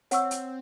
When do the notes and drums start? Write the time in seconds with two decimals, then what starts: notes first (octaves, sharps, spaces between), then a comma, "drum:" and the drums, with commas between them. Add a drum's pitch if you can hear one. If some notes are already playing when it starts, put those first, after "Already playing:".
0.11 C4 C#5 F#5 C#6 E6, drum: hi-hat
0.31 drum: hi-hat